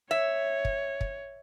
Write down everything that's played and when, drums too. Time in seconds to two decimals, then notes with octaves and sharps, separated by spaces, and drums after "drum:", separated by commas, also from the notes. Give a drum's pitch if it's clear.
0.11 C#5 E5
0.65 drum: kick
1.01 drum: kick